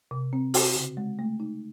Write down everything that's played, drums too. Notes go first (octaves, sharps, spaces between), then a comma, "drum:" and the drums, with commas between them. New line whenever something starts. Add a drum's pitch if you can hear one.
C3
C4
F#4, drum: open hi-hat
C#3
G#3
A3
D#4